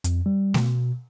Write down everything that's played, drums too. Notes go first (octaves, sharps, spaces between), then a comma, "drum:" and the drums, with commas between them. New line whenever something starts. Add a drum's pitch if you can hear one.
F2, drum: hi-hat
G3
B2, drum: snare A3